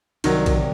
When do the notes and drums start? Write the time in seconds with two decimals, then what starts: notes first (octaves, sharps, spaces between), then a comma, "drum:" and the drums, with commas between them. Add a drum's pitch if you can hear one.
0.24 C2 D#3 F#3, drum: cymbal
0.46 drum: kick A#1, cymbal
0.57 C3 F#3